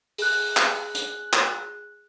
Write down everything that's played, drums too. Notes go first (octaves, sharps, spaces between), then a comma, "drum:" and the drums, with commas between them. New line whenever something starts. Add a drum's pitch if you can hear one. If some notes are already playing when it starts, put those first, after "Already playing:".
G#4 F#6, drum: open hi-hat
drum: clap
drum: hi-hat
drum: clap